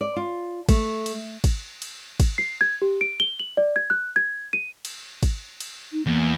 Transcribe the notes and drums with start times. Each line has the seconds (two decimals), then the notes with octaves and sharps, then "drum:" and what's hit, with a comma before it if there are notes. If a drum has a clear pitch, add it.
0.01 D5
0.16 F4
0.69 A3, drum: kick, cymbal
1.06 drum: cymbal
1.44 drum: kick, cymbal
1.82 drum: cymbal
2.20 drum: kick, cymbal
2.38 C7
2.61 G#6
2.82 G4
3.01 D7
3.20 G7
3.39 F#7
3.57 D5
3.76 G#6
3.90 F#6
4.16 G#6
4.53 D#7
4.85 drum: cymbal
5.23 drum: kick, cymbal
5.60 drum: cymbal
5.93 D#4
6.07 E2 A#3